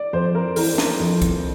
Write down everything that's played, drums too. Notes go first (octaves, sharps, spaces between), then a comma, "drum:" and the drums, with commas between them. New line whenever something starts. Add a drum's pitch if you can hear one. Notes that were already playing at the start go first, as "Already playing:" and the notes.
Already playing: D5
F2 C5
A#4
E3 A#4, drum: open hi-hat
drum: snare
F2
drum: kick, hi-hat